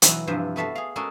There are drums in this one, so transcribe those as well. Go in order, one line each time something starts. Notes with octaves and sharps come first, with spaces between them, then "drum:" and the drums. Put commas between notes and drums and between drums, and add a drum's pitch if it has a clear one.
B2 E3 F#3, drum: hi-hat
G2 C3 E3 F3
B3 F#4 A4 E5 F5 A5
G#4 F5
G#3 C#4 F#4 A4 A#4 D#5